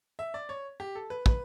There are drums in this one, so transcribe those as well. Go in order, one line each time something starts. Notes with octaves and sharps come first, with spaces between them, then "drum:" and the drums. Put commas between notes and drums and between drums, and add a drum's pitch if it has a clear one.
E5
D5
C#5
G4
A4
B4
B4, drum: kick